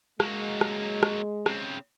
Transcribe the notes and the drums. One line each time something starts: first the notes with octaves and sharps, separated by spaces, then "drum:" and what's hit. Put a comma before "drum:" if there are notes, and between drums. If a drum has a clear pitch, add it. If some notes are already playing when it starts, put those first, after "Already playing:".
F#3 G#3 A#3, drum: rim click
drum: rim click
drum: rim click
C#3 C4, drum: rim click